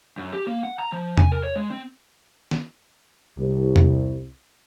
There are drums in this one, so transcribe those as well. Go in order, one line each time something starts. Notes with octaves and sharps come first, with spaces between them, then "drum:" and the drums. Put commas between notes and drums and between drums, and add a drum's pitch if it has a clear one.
F#2
G4
A#3
F#5
A#5
F3
G#5, drum: tom E2
A#4
C#5
G#3
C4
drum: snare
C2
drum: tom E2